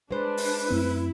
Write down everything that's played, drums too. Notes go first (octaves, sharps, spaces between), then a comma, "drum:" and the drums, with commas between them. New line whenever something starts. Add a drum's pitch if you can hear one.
G#3 D4 B4 C5
drum: open hi-hat
F#2 A3 C4 E4